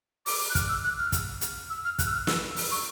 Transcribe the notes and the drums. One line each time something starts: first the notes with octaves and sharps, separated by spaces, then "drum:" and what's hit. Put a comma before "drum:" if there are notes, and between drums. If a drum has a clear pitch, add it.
D6, drum: open hi-hat
F#6
F6, drum: kick, hi-hat
E6
F#6
F6
drum: kick, hi-hat
drum: hi-hat
E6
F6
F#6, drum: kick, hi-hat
E6
F6
E6, drum: snare
drum: open hi-hat
C#6